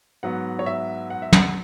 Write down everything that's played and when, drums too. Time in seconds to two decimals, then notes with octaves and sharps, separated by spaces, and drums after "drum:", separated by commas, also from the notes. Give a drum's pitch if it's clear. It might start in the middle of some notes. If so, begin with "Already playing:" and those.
0.23 G#2 F#3 B3 F#5
0.59 C#5
0.66 E5
1.10 F#5
1.22 E5
1.33 F#5, drum: tom